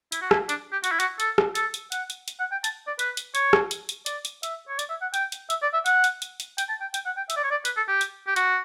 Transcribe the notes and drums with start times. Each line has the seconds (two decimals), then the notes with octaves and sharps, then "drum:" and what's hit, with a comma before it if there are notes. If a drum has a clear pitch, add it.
0.12 E4, drum: hi-hat
0.22 F#4
0.31 E4, drum: rim click
0.49 D4, drum: hi-hat
0.72 G4
0.84 F#4, drum: hi-hat
0.92 E4
1.00 F#4, drum: hi-hat
1.20 A4, drum: hi-hat
1.38 drum: rim click
1.55 A4, drum: hi-hat
1.74 drum: hi-hat
1.92 F#5, drum: hi-hat
2.10 drum: hi-hat
2.28 drum: hi-hat
2.40 F#5
2.52 G5
2.64 A5, drum: hi-hat
2.87 D5
2.99 B4, drum: hi-hat
3.17 drum: hi-hat
3.35 C#5, drum: hi-hat
3.53 drum: rim click
3.71 drum: hi-hat
3.89 drum: hi-hat
4.06 D5, drum: hi-hat
4.25 drum: hi-hat
4.43 E5, drum: hi-hat
4.69 C#5
4.79 D5, drum: hi-hat
4.90 E5
5.02 F#5
5.14 G5, drum: hi-hat
5.32 drum: hi-hat
5.50 E5, drum: hi-hat
5.63 D5
5.74 E5
5.86 F#5, drum: hi-hat
6.04 drum: hi-hat
6.22 drum: hi-hat
6.40 drum: hi-hat
6.58 G5, drum: hi-hat
6.69 A5
6.81 G5
6.94 G5, drum: hi-hat
7.06 F#5
7.17 G5
7.30 E5, drum: hi-hat
7.37 D5
7.44 C#5
7.51 D5
7.65 B4, drum: hi-hat
7.77 A4
7.88 G4
8.01 drum: hi-hat
8.27 G4
8.36 F#4, drum: hi-hat